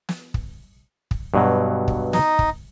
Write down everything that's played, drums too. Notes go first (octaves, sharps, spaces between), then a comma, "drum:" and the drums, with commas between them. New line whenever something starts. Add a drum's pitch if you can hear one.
drum: snare
drum: kick
drum: kick
G2 B2 F#3
drum: kick
D#4 D#5, drum: snare
drum: kick